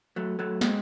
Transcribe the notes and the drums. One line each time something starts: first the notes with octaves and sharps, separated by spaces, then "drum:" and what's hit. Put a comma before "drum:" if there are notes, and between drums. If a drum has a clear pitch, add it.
F#3 A3
F#3 A3
G#3 C4, drum: snare